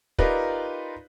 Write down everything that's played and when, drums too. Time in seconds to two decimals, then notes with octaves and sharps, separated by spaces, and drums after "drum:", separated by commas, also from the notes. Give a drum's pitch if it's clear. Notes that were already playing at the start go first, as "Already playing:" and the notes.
0.18 D#4 F4 G4 A#4 B4 D5, drum: kick